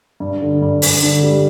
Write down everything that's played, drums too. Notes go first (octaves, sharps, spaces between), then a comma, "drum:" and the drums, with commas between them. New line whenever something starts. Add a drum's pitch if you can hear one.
G2
D3
G2
G2, drum: open hi-hat
D3
G3